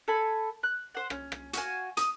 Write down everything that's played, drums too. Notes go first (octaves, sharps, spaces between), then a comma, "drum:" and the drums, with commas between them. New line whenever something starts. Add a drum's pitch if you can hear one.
A4 G#5 B5
F#6
C5 F#5
C#4, drum: rim click
drum: rim click
F#4 F5 G#5, drum: hi-hat
D#6, drum: hi-hat